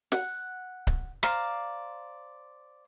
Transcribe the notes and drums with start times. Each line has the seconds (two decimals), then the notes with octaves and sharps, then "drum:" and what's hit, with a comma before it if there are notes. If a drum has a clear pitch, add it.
0.12 F#5, drum: snare
0.87 drum: kick C#1
1.23 C5 D5 F5 A#5, drum: rim click